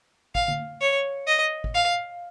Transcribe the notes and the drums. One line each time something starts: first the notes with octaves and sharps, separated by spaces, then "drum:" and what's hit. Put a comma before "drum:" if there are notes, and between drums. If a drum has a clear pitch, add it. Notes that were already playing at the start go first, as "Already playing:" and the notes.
F5, drum: kick G#1
drum: tom D3
C#5
D#5
drum: kick G#1
F5